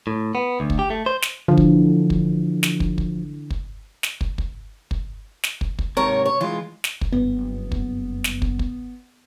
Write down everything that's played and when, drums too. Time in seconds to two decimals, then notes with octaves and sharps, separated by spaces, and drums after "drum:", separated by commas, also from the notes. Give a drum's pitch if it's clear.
0.07 A2
0.35 B3
0.60 D2
0.70 drum: kick
0.79 G4
0.90 A3
1.06 C5
1.22 drum: snare
1.48 D3 E3 F3
1.57 drum: kick
2.10 drum: kick
2.63 drum: snare
2.80 drum: kick
2.98 drum: kick
3.50 drum: kick
4.03 drum: snare
4.21 drum: kick
4.38 drum: kick
4.91 drum: kick
5.44 drum: snare
5.61 drum: kick
5.79 drum: kick
5.97 G#2 C3 A#4 C#5
6.26 C#5
6.41 E3 G#3 F4
6.84 drum: snare
7.01 drum: kick
7.13 F#1 G2 B3
7.72 drum: kick
8.24 drum: snare
8.42 drum: kick
8.59 drum: kick